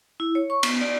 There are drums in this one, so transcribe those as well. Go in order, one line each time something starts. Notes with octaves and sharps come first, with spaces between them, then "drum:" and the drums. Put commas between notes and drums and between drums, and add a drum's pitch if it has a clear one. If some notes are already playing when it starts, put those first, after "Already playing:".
E4
C#5
C#6
B3, drum: cymbal
D5